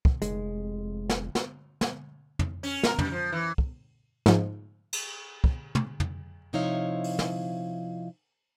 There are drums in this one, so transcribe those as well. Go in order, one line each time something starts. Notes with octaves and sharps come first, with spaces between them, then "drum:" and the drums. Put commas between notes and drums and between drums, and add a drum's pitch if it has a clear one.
drum: kick
F1 G#3, drum: hi-hat
drum: snare
drum: snare
drum: snare
drum: tom
C#4, drum: open hi-hat
A#4, drum: snare
F#2, drum: tom
F3
E3
drum: kick
G#2 F3, drum: snare
drum: cymbal
drum: kick
drum: tom
drum: tom
C3 F3 D#4 E4 C#5 F5
drum: open hi-hat
drum: snare